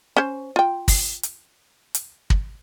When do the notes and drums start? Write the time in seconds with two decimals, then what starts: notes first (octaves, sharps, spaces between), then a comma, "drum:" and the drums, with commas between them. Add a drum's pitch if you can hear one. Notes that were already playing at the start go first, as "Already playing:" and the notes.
0.17 C#4 C5
0.56 F4 G5
0.88 drum: kick, open hi-hat
1.23 drum: hi-hat
1.95 drum: hi-hat
2.30 drum: kick